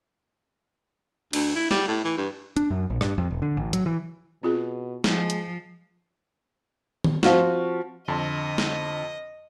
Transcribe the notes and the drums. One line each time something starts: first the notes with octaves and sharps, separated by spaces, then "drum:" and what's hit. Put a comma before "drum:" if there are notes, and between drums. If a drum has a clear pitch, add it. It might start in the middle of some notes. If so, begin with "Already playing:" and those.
D2, drum: cymbal
E4
G3, drum: snare
A2
E3
G2
D4, drum: hi-hat
F#2
A#1
G2, drum: rim click
F2
E1
D3
A1
F#3, drum: hi-hat
E3
B2 C4 F4 G#4
F3 G#3, drum: snare
drum: hi-hat
drum: tom D#3
F3 C4 F4 F#4, drum: snare
F2 D3 D#5 A5 C6
drum: snare